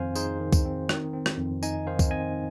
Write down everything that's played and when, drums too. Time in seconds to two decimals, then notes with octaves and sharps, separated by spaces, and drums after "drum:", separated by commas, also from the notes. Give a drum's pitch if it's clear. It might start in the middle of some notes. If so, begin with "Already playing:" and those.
Already playing: F2 D#3 C4 C5 F5 G#5
0.15 D#4 G#4 C5, drum: tambourine
0.40 D#3
0.53 drum: kick C2, tambourine
0.65 C4
0.89 D#3, drum: rim click
1.13 C4
1.26 drum: rim click
1.38 F2
1.63 D#4 D#5 G#5, drum: tambourine
1.87 D#3 C5 F5
1.99 drum: kick C2, tambourine
2.11 C4 D#5 G#5